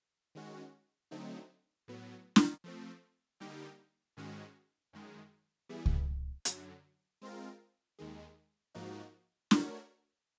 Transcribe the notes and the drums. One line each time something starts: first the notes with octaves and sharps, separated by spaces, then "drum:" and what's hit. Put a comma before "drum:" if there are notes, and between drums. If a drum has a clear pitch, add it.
D#3 G#3 C#4 F#4
D3 F#3 A3 C4 D#4
A2 F#3 B3
drum: snare
F3 A3 C4
D3 G3 A#3 D#4 G4
G#2 D#3 G#3 C#4 F#4
F#2 D#3 G#3
E3 G3 B3 E4 G#4
drum: kick C#2
F#2 D3 F#3, drum: hi-hat
G#3 C4 F4 A#4
D#2 D#3 G#3
G#2 F3 A#3 D#4 F#4
A3 D4 F#4 A#4 C#5, drum: snare